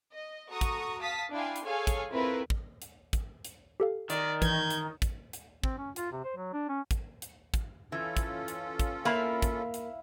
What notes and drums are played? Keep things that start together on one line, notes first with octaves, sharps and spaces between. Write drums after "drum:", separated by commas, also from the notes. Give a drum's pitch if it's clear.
D#5
F#4 A4 A#5 C#6 D#6
drum: kick, hi-hat
F5 A5 D#6 B6
D4 E4 F5 G5 G#5 C6
drum: hi-hat
G#4 A4 C#5 F5 G#5
drum: kick, hi-hat
A3 C4 E4 F4 A#4 B4
drum: kick
drum: hi-hat
drum: kick, hi-hat
drum: hi-hat
G4 A4 F5
D#3 D5, drum: hi-hat
E3 G6 G#6, drum: kick, hi-hat
drum: hi-hat
drum: kick, hi-hat
drum: hi-hat
C4, drum: kick
C#4
F4, drum: hi-hat
C3
C5
F#3
D4
C#4
drum: kick, hi-hat
drum: hi-hat
drum: kick, hi-hat
E3 C#4 F4 A4
drum: kick, hi-hat
drum: hi-hat
drum: kick, hi-hat
A#3 E4 F5 B5
drum: kick, hi-hat
drum: hi-hat